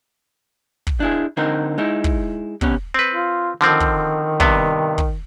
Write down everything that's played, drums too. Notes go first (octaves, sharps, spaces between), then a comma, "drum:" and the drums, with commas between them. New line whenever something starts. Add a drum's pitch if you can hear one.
drum: kick
D4 E4 G#4
D3 C4 D#4 A#4
G#3 D#4 E4
drum: kick
C3 B3 C#4, drum: kick
C4 B4
F4
D3 D#3 F3 C4
drum: kick
G2 C3 B3, drum: kick
drum: kick